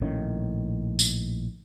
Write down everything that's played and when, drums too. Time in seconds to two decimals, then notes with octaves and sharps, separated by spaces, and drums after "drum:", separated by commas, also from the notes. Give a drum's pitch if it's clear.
0.01 A#1 A2 D#3 C#4
0.99 drum: tambourine